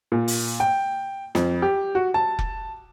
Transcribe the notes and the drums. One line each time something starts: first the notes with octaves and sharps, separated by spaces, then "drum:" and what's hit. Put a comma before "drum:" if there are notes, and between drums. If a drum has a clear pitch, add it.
A#2
drum: open hi-hat
G5
F2, drum: snare
G4
F#4
A5
drum: kick F1